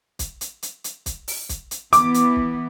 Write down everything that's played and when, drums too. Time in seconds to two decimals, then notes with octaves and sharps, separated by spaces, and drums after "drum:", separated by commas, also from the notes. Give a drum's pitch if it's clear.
0.19 drum: kick, hi-hat
0.41 drum: hi-hat
0.63 drum: hi-hat
0.84 drum: hi-hat
1.06 drum: kick, hi-hat
1.28 drum: open hi-hat
1.49 drum: kick, hi-hat
1.71 drum: hi-hat
1.93 E3 B3 D6, drum: hi-hat
2.14 drum: hi-hat
2.36 drum: kick